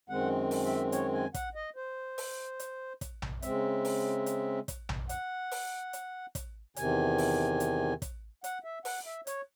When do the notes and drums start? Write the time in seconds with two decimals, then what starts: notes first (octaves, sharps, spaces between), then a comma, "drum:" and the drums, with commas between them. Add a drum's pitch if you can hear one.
0.09 F#2 D#3 G#3 C4 F#5
0.51 drum: open hi-hat
0.65 E5
0.92 C#5, drum: hi-hat
1.13 G#5
1.34 F#5, drum: kick, hi-hat
1.55 D#5
1.76 C5
2.18 drum: open hi-hat
2.60 drum: hi-hat
3.01 drum: kick, hi-hat
3.22 drum: tom A#1
3.42 C#3 G#3 C4 E5, drum: hi-hat
3.85 drum: open hi-hat
4.26 drum: hi-hat
4.68 drum: kick, hi-hat
4.89 drum: tom A#1
5.09 F#5, drum: hi-hat
5.51 drum: open hi-hat
5.93 drum: hi-hat
6.35 drum: kick, hi-hat
6.76 E2 C3 D#3 G#5, drum: hi-hat
7.18 drum: open hi-hat
7.60 drum: hi-hat
8.02 drum: kick, hi-hat
8.44 F#5, drum: hi-hat
8.64 E5
8.85 F#5, drum: open hi-hat
9.06 E5
9.27 C#5, drum: hi-hat